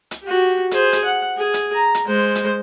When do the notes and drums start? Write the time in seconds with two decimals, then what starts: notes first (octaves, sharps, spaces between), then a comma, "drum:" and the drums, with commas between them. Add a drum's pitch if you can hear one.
0.11 drum: hi-hat
0.24 F#4 G4
0.71 G#4 C5, drum: hi-hat
0.93 drum: hi-hat
1.05 F#5
1.37 G#4
1.54 drum: hi-hat
1.74 A#5
1.95 drum: hi-hat
2.06 G#3 C5
2.35 drum: hi-hat